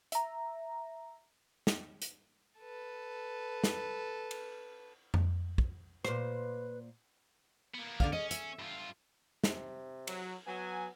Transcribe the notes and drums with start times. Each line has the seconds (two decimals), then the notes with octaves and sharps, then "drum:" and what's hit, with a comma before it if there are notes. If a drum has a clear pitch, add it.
0.12 E5 A#5, drum: hi-hat
1.67 drum: snare
2.02 drum: hi-hat
2.60 A4 B4
3.64 drum: snare
4.31 drum: cymbal
5.14 drum: tom F2
5.58 drum: kick
6.05 A#2 B4 C5, drum: rim click
7.74 A#3 B3
8.00 D3 D5 F5, drum: kick
8.13 C#4 D#5
8.31 E5, drum: hi-hat
8.59 G2 F4
9.44 C3, drum: snare
10.07 F#3, drum: cymbal
10.47 F#3 B3 G#5